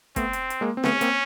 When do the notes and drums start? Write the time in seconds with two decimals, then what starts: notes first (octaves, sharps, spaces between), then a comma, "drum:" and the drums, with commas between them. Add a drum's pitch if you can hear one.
0.16 A3 B3 C4, drum: kick, hi-hat
0.33 drum: hi-hat
0.50 drum: hi-hat
0.61 G#3 A#3
0.77 C4
0.84 A3 B3 C#4, drum: snare C4
1.01 A#3 C4, drum: hi-hat